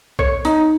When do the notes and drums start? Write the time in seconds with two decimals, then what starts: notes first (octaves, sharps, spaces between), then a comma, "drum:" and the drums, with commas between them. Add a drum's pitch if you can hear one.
0.19 C#5, drum: kick B1
0.45 D#4, drum: hi-hat